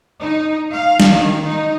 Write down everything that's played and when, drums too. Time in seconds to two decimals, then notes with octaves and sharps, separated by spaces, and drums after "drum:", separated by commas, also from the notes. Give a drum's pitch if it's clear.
0.21 D#4
0.72 F5
1.00 drum: snare
1.12 D#3
1.46 D#4